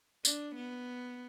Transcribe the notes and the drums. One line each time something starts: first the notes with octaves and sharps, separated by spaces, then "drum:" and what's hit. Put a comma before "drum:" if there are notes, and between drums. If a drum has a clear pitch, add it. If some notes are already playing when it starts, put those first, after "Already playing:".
D4, drum: tambourine
B3